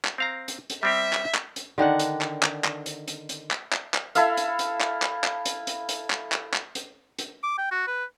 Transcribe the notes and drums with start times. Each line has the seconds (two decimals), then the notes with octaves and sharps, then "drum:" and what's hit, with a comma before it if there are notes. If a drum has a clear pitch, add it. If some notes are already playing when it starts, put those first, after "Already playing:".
0.05 drum: clap
0.18 C4 F5 A#5
0.48 drum: hi-hat
0.70 drum: hi-hat
0.83 G3 C4 G4 E5
1.13 drum: clap
1.35 drum: clap
1.56 drum: hi-hat
1.78 D3 D#3 D4 F#5
1.99 drum: hi-hat
2.21 drum: clap
2.43 drum: clap
2.64 drum: clap
2.86 drum: hi-hat
3.08 drum: hi-hat
3.29 drum: hi-hat
3.51 drum: clap
3.72 drum: clap
3.94 drum: clap
4.15 E4 A4 E5 F5, drum: hi-hat
4.37 drum: hi-hat
4.59 drum: hi-hat
4.81 drum: clap
5.02 drum: clap
5.24 drum: clap
5.45 drum: hi-hat
5.67 drum: hi-hat
5.89 drum: hi-hat
6.10 drum: clap
6.32 drum: clap
6.54 drum: clap
6.75 drum: hi-hat
7.18 drum: hi-hat
7.43 D6
7.58 G5
7.71 F#4
7.87 B4